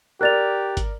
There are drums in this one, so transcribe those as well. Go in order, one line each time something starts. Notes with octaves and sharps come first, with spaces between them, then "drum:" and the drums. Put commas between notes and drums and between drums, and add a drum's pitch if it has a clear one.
G4 A#4 D5 F#6 A6 F7
drum: kick, hi-hat